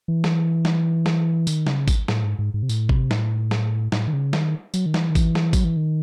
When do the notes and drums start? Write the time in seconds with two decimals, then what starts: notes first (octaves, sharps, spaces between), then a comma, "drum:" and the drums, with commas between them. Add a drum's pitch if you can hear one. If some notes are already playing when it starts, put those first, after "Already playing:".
0.08 E3
0.24 drum: snare
0.65 drum: snare
1.06 drum: snare
1.47 D#3, drum: tambourine
1.67 C#3, drum: snare
1.88 drum: kick G#1, tambourine
2.08 A2, drum: snare
2.24 G#2
2.39 G#2
2.54 G#2
2.63 C3
2.69 A2, drum: tambourine
2.89 C3, drum: kick G#1
3.11 A2, drum: snare
3.51 drum: snare
3.92 A2, drum: snare
4.08 D#3
4.13 C#3
4.33 D#3, drum: snare
4.74 F#3, drum: tambourine
4.86 D#3
4.94 E3, drum: snare
5.10 D#3
5.15 E3, drum: kick G#1, tambourine
5.35 drum: snare
5.53 F#3, drum: kick G#1, tambourine
5.65 E3
5.77 D#3